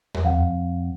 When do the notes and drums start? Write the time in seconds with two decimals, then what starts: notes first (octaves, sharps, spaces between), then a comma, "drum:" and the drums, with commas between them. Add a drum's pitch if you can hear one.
0.14 drum: tom E2
0.25 F2 F5 F#5